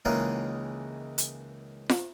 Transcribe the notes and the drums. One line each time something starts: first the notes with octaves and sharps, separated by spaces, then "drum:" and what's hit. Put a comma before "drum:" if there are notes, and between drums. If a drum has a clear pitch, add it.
C#2 D#3 E3 G#3 A#3 C#4
drum: hi-hat
drum: snare F4